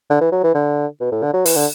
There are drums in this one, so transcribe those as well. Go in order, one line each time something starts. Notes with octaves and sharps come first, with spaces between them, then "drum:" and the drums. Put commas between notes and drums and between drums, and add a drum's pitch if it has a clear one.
D3
E3
F#3
E3
D3
B2
A2
D3
F#3
E3, drum: open hi-hat
D3